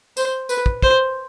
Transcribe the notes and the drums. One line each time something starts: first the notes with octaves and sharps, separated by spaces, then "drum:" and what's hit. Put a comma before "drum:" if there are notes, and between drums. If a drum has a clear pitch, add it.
C5, drum: tambourine
B4, drum: tambourine
drum: kick
C5, drum: kick